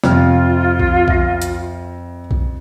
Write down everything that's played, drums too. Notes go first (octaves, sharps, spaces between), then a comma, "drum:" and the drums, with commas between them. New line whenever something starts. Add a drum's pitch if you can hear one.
F2 C3 F4 F6, drum: snare
drum: kick B1
E5 A#6, drum: kick B1
drum: hi-hat
drum: kick B1